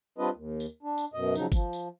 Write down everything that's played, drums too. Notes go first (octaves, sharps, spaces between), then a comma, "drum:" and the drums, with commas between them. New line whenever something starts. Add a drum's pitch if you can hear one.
G3 C4 D4 F4 B4 D#5
D#2
drum: tambourine
D4
drum: tambourine
F#2 B2 D#5
C#3 F3 F#3 D#4, drum: tambourine
F3, drum: kick G1, tambourine
drum: tambourine